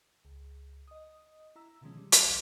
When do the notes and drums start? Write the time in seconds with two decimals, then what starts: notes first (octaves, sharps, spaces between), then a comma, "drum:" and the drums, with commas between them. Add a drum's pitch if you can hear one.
0.25 C#2
0.88 D#5 D#6
1.56 E4 A#5 E6
1.81 B2 D3 D#3 F3 G#3 C#4
1.97 G3
2.12 drum: hi-hat
2.24 A#1 D#2